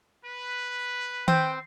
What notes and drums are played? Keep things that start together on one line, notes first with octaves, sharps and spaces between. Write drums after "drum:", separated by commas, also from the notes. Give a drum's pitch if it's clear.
B4
C4 G5, drum: tom D#3